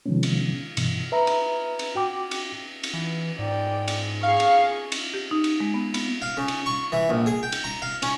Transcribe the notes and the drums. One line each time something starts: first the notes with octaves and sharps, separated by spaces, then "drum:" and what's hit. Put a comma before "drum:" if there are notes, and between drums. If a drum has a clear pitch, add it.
C3 D#3 F3 G#3 B3 C#4
drum: cymbal
G2 B2 E3, drum: cymbal
B4 E5 A#5
drum: cymbal
drum: cymbal
F#4 G5 D6
drum: cymbal
drum: cymbal
E3
G#2 D5 G5
drum: cymbal
G#4 F5 C#6
drum: cymbal
drum: cymbal
G4
D#4
drum: cymbal
G#3
B3
B3, drum: cymbal
F5
C#3
drum: cymbal
C#6
E3
A#1
G#4
G5
drum: cymbal
A#5
F5
C#4, drum: cymbal